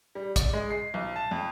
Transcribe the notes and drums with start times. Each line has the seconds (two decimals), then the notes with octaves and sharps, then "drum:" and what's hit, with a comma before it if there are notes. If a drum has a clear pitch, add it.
0.15 G3
0.36 D5, drum: kick A#1, hi-hat
0.53 G#3
0.70 C7
0.94 B1
1.16 A5
1.31 F2